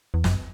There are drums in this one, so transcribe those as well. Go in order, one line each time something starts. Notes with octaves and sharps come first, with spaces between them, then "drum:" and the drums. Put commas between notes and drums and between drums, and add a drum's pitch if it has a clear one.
E2
F#2, drum: snare